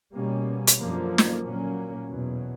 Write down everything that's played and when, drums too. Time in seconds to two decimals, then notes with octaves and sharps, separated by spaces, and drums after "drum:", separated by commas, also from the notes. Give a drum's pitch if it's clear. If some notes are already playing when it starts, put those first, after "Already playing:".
0.14 B2 G3 A#3 C#4
0.67 drum: hi-hat
0.78 F#2 D3 F3 A#3
1.18 drum: snare
1.43 A#2 F#3 A#3 C#4
2.08 E2 B2 F#3